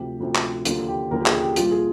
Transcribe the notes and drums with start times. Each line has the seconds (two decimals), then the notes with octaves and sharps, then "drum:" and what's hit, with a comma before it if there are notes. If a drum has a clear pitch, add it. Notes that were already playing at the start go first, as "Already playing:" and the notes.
Already playing: D2 C3 F3 G4
0.20 D2 C3 F3
0.35 drum: clap
0.65 D#2 D3 F3 F4, drum: hi-hat
0.88 G4
1.11 D#2 D3 F3 A#4
1.21 G4
1.26 G#4, drum: clap
1.41 G4
1.56 C2 A#2 F3 F4, drum: hi-hat
1.71 G#4